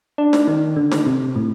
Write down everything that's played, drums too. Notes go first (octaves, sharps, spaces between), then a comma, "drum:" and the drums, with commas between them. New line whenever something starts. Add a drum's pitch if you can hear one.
D4
drum: snare
D#3
D3
drum: snare
C3
A2